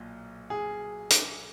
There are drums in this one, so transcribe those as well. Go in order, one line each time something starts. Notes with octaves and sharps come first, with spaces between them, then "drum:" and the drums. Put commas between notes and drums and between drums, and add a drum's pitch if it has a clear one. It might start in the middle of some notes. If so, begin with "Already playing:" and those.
Already playing: B1 A#2
G#4
drum: hi-hat